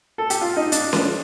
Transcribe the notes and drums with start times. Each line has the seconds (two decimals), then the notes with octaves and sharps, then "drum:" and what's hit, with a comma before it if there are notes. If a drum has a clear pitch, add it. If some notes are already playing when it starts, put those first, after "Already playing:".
0.18 A4
0.30 G4, drum: hi-hat
0.41 F4
0.56 D#4
0.72 D4, drum: hi-hat
0.93 drum: snare C#4